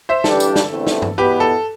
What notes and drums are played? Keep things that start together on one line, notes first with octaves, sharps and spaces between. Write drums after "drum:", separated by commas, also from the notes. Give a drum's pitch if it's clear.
C5 E5
G2 E3 G3 D4 G4 A4, drum: snare
drum: tambourine
drum: snare
E2 D3 A3 C4 E4
drum: snare
drum: tom
E2 B2 B3 E4 G4 B4
A4